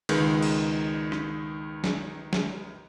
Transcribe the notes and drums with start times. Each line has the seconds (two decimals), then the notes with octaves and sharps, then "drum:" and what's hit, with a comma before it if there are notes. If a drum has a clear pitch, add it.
0.09 C#2 D#3 G#3 B4, drum: cymbal
0.42 drum: cymbal
1.12 drum: rim click
1.84 drum: snare
2.33 drum: snare